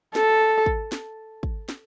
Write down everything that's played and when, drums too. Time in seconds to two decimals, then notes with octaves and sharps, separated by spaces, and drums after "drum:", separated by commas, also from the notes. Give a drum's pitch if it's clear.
0.15 A4, drum: snare
0.66 drum: kick
0.92 drum: snare
1.43 drum: kick
1.69 drum: snare